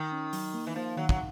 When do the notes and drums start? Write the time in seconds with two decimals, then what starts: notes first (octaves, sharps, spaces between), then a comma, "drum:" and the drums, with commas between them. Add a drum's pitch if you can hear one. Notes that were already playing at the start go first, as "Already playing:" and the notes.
Already playing: D#3
0.12 C#4
0.33 F#3, drum: open hi-hat
0.54 A#3
0.67 E3
0.76 F3 A#3
0.97 D#3 F#3
1.09 F#3, drum: kick